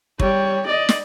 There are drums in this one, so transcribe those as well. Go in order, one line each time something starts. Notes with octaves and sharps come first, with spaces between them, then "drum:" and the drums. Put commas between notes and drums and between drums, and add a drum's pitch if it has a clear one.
G3 C#5, drum: kick
D5 D#5
drum: snare